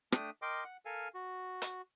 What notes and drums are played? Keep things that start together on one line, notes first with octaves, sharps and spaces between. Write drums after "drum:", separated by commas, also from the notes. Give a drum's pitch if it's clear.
A3 D4 G5 D#6, drum: rim click
A#4 D#5 G5 C6 D6
F#5
A4 A#4 F5 G#5
F#4
drum: hi-hat